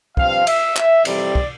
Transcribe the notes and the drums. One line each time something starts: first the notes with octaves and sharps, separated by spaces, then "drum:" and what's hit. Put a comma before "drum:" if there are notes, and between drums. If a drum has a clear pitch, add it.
G2 F3 C4 F5, drum: kick
E5, drum: cymbal
E5, drum: clap
F2 C3 E3 G3 D5, drum: cymbal
drum: kick